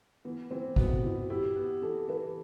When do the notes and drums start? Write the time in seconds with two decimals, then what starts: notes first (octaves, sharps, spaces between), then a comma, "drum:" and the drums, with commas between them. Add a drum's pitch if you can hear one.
0.25 E3 B3
0.51 E3 C4
0.76 B3 F#4, drum: kick
1.03 E3 E4
1.18 F#4
1.30 E4 G4
1.56 B3
1.82 E3 A4
2.08 E3 B4